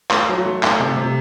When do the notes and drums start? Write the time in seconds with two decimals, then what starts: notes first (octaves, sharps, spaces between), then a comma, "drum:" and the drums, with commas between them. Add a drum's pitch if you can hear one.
0.11 A3 C6, drum: clap
0.29 F#3
0.45 A3
0.63 A3, drum: clap
0.80 C3
0.97 C3